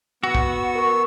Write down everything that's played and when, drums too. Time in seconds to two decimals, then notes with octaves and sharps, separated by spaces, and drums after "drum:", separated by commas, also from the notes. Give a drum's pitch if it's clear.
0.23 B3 F#4 E6
0.35 drum: kick
0.75 A#4 C#6